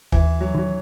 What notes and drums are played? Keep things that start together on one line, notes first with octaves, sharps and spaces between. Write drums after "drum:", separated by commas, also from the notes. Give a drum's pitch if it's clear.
D#2 E3, drum: kick
F#3
D#3 F#3